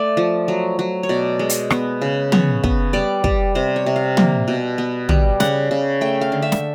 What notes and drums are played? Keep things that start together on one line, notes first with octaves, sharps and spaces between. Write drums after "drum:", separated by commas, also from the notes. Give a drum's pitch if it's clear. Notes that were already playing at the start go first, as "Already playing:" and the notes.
Already playing: A3 D5
F3
F#3
F#3
C#5
B2 D5
G#3
drum: hi-hat
B3, drum: rim click
C#3
B3 C#5, drum: tom
B3, drum: kick
G3 D5
G3, drum: kick
C3 C5
C#5
C3
F5
A#3, drum: tom
B2
B3
G3, drum: tom
C#3 F#5, drum: snare
C#3
A3 G5
F5
D3
E5
drum: snare